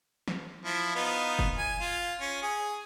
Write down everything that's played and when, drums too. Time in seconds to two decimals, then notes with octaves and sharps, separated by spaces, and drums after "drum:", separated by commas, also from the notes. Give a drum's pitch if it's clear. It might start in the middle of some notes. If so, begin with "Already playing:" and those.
0.28 drum: snare
0.65 F3 E4
0.95 B3 D#4 F4
1.39 drum: kick
1.58 G#5
1.80 F4
2.21 C#4
2.42 G#4